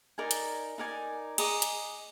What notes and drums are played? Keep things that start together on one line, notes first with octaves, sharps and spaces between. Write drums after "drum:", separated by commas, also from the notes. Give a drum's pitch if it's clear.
D#4 A#4 D5 G#5
drum: hi-hat
D#4 A#4 D5 G#5
G#4 D#5 A#5 D6, drum: cymbal
drum: hi-hat